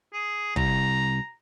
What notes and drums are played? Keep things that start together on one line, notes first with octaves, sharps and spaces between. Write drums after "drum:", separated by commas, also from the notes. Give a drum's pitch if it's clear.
G#4
C2 A#5, drum: kick